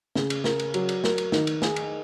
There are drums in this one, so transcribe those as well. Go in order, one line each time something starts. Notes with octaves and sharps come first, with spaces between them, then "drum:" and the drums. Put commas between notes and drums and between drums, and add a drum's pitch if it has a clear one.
C#3, drum: snare
drum: cymbal
A#4, drum: snare
drum: cymbal
F#3, drum: cymbal
drum: cymbal
A#4, drum: snare
drum: cymbal
D#3, drum: snare
drum: cymbal
G#4, drum: snare
drum: cymbal